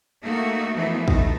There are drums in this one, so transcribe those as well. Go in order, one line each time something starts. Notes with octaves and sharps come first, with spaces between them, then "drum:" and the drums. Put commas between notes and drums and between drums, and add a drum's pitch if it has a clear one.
A3 A#3 D#4 F#4
E3 F3 A3 B3 D#4
A3 D#4, drum: kick